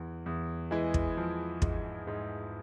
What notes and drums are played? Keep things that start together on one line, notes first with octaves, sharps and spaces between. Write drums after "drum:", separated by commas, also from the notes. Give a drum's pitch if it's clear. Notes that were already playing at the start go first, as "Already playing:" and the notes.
Already playing: E2 E3
E2
E3 G#3 E4
drum: kick
F3
G#2, drum: kick
G#2